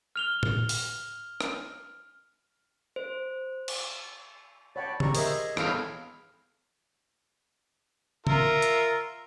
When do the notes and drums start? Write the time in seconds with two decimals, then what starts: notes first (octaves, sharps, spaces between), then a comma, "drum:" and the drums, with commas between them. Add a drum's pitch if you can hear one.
0.16 F6 F7 G7
0.43 drum: tom
0.69 drum: open hi-hat
1.41 drum: rim click
2.96 C5
3.68 drum: cymbal
4.76 C#5 D5 F#5 G5 A5 B5
5.00 F#4 G4 D5 A#5 C#6, drum: tom
5.15 G#4 A#4 C5 D#5 E5, drum: open hi-hat
5.57 E2 C4 A4 C#5 F5 B5, drum: rim click
8.27 F4 A#4 E5, drum: tom
8.62 drum: hi-hat